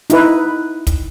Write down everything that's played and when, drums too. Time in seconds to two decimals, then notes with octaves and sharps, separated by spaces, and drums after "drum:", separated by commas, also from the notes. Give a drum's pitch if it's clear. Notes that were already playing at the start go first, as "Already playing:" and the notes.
0.10 D#4 E4 B4, drum: hi-hat
0.87 drum: kick, hi-hat